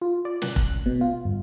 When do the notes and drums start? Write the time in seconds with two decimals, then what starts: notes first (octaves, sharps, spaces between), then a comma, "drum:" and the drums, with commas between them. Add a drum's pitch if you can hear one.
0.02 F4
0.25 D5
0.42 F#6, drum: snare
0.56 drum: kick F1
0.86 B2
1.01 F4
1.25 G1